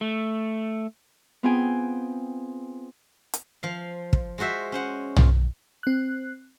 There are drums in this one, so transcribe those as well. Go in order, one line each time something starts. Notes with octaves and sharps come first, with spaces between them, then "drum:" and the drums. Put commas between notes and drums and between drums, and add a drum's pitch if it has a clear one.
A3
B3 C4 F4 G#4 G5 G#5
drum: hi-hat
F3 F5
drum: kick
G#3 F4 F#4 C5 E5
C#4 C5 F#5
F4, drum: tom
C4 F#6